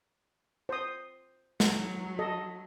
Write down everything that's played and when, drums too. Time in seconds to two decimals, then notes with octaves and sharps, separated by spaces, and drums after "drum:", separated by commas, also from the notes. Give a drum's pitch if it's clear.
0.69 C5 D#6
1.60 F#3, drum: snare
2.19 A4 D#5